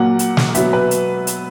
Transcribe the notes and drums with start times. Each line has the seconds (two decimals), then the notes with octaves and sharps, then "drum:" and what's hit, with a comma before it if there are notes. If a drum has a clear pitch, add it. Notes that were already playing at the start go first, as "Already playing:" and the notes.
Already playing: A#2 F#3 A#3 F#5
0.19 drum: hi-hat
0.37 drum: snare
0.55 B2 F#3 B3 E5, drum: hi-hat
0.73 B4
0.91 drum: hi-hat
1.27 drum: hi-hat